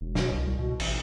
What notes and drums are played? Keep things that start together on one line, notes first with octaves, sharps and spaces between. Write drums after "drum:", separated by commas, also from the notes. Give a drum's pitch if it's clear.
E1
B2, drum: snare
C2
C2
B2
A1, drum: cymbal